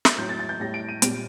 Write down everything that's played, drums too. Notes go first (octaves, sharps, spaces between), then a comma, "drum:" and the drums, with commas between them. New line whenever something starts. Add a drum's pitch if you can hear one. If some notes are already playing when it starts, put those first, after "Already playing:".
drum: snare
A2 F#3 G6
A6
A6
G6
A2 G3 A#6
D7
D#7
A#2 G3 D7, drum: hi-hat